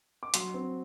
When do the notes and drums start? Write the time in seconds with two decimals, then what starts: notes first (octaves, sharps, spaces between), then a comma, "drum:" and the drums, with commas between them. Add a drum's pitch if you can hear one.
0.23 D6
0.34 F#3 C6, drum: hi-hat
0.54 C4